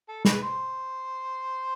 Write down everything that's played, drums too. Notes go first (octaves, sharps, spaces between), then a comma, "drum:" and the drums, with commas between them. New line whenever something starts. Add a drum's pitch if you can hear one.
A4
B4, drum: snare
C5